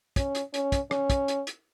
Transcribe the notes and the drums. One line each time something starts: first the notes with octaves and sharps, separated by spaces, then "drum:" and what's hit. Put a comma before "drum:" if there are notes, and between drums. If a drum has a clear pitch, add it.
C#4, drum: kick, hi-hat
drum: hi-hat
C#4, drum: hi-hat
drum: kick, hi-hat
C#4, drum: rim click
drum: kick, hi-hat
drum: hi-hat
drum: hi-hat